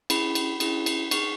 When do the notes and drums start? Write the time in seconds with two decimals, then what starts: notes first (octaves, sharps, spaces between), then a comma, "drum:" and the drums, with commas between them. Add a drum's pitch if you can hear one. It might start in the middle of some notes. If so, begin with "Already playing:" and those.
0.10 C#4 E4 G#4 B5, drum: cymbal
0.35 drum: cymbal
0.60 C#4 E4 G#4, drum: cymbal
0.86 drum: cymbal
1.11 D#4 G#4 C#6, drum: cymbal